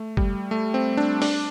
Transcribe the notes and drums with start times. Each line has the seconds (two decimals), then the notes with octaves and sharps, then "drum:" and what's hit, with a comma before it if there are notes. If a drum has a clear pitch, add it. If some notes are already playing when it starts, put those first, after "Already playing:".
Already playing: A3
0.17 G3, drum: kick
0.51 A3
0.74 C4
0.97 D4
1.22 D4, drum: open hi-hat